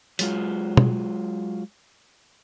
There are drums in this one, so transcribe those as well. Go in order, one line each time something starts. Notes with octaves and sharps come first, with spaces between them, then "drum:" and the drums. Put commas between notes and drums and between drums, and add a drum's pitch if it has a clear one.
F#3 G#3 F4, drum: hi-hat
drum: tom B2